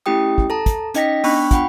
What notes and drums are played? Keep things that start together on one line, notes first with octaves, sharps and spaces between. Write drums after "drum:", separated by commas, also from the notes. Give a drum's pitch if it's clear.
A3 C#4 E4 G4 G5 D#6
drum: kick
A4 A5 A#5
drum: kick, hi-hat
C#4 D#4 D#5 G5 A#6 B6, drum: hi-hat
B3 D4 G5 B5 C#6 F#6, drum: open hi-hat
F4 F#5 G5 B5, drum: kick, hi-hat